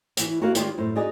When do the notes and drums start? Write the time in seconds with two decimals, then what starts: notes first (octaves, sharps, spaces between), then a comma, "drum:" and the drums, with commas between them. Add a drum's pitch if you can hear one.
0.17 E3 C#5, drum: hi-hat
0.41 A#3 F#4 G4 A#4 C#5 F5
0.55 D#3 G#3 F4 G4 C#5 D5, drum: hi-hat
0.77 F#2 A2 C5
0.95 D#4 F#4 G#4 D5 D#5